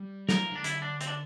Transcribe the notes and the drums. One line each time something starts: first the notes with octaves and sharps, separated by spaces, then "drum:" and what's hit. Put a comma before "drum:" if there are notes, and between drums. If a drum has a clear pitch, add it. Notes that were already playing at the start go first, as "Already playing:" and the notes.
Already playing: G3
A3 A#4, drum: snare
F3
D3 D4
D3 E4, drum: hi-hat
D4
C4, drum: hi-hat
D4